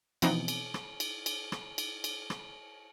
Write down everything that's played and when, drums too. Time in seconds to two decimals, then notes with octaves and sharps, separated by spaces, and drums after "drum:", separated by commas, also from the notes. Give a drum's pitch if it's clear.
0.22 B2 E3 F3 B3 C4 D#4, drum: cymbal
0.48 drum: cymbal
0.74 drum: rim click
1.00 drum: cymbal
1.26 drum: cymbal
1.52 drum: rim click
1.78 drum: cymbal
2.04 drum: cymbal
2.30 drum: rim click